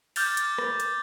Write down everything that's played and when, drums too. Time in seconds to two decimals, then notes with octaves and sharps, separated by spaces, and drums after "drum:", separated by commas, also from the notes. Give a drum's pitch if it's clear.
0.16 D6 F6 G6 A6 F7, drum: open hi-hat
0.37 drum: hi-hat
0.58 drum: rim click
0.80 drum: hi-hat